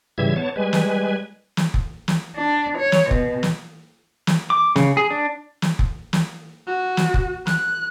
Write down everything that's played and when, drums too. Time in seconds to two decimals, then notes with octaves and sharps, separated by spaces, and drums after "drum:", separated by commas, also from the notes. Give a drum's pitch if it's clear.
0.18 G#2 C#3 E3 G3 E5 G#6
0.36 B3 C#5 A5
0.56 G3 G#3 B4 G#5
0.73 drum: snare
1.57 drum: snare
1.74 drum: kick F1
2.08 drum: snare
2.36 D4
2.78 C#5
2.92 drum: snare
3.11 B2, drum: kick F1
3.43 drum: snare
4.27 drum: snare
4.50 D6
4.76 C#3, drum: snare
4.97 G#4
5.11 D4
5.62 drum: snare
5.79 drum: kick F1
6.13 drum: snare
6.67 F#4
6.97 drum: snare
7.14 drum: kick F1
7.47 F#6, drum: snare